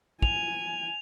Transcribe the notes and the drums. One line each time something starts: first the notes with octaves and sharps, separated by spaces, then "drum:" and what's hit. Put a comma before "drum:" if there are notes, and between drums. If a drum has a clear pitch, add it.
G#5 F7, drum: kick